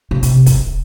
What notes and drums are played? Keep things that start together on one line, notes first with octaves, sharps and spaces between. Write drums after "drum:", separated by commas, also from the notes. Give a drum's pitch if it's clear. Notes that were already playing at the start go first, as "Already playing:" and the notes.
C#3
C3, drum: hi-hat
drum: kick, hi-hat